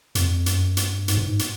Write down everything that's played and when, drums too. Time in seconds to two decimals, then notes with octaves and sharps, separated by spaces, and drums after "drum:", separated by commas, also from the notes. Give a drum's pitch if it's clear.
0.15 F2, drum: hi-hat
0.46 F#2, drum: hi-hat
0.77 G2, drum: hi-hat
1.08 G#2, drum: hi-hat
1.17 G2
1.28 G#2
1.39 drum: hi-hat